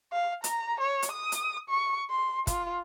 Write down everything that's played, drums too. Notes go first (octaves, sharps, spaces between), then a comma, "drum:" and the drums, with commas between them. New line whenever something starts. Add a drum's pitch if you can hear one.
F5
A#5, drum: hi-hat
C#5
drum: hi-hat
D#6
drum: hi-hat
C#6
C6
F4, drum: kick, hi-hat